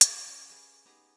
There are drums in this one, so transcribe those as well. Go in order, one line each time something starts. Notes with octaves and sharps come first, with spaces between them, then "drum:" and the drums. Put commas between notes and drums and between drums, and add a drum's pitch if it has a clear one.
B3 C#4 G4 A4 G5, drum: hi-hat
C#4 F4 A#4
G4 G#4 B4
B3 D#4 G4 G#4 B4 A#5